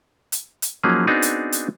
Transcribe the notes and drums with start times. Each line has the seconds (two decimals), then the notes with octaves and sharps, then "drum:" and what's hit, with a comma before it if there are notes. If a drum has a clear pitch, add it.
0.32 drum: hi-hat
0.62 drum: hi-hat
0.83 F3 F#3 A#3 C#4 D#4 G#4
1.07 B3 C4 D4 D#4 F#4 G#4
1.22 drum: hi-hat
1.52 drum: hi-hat